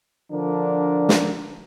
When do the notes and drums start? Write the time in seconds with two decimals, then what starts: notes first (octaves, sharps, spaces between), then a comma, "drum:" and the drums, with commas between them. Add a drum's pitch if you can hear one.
0.32 D3 F3 D4 A#4
1.09 drum: snare